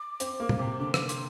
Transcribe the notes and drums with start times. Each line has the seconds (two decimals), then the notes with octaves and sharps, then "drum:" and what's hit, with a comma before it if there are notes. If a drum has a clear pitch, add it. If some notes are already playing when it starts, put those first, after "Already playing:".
Already playing: D6
0.20 C4, drum: hi-hat
0.40 A#3
0.49 drum: tom
0.59 C3
0.79 D3 D6
0.94 D6, drum: rim click
1.09 C6, drum: hi-hat